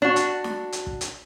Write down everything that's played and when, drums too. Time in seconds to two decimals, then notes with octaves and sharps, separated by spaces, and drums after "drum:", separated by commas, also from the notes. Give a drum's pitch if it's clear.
0.02 D4 F#4
0.16 drum: hi-hat
0.44 drum: snare
0.72 drum: hi-hat
0.87 drum: kick
1.01 drum: hi-hat